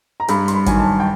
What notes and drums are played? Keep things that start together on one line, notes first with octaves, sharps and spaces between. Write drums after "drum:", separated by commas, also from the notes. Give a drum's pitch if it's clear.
A#5
G2 B5, drum: hi-hat
C6, drum: hi-hat
B5
D#3 F#3 G#5, drum: kick, hi-hat
A5
G5